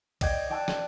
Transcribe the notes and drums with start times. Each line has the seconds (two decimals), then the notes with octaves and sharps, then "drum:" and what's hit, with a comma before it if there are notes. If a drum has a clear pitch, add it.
0.21 D5 D#5 G5 G6 G#6 A#6, drum: kick, cymbal
0.50 D5 G5 A5 D6 E6 F#6
0.68 drum: snare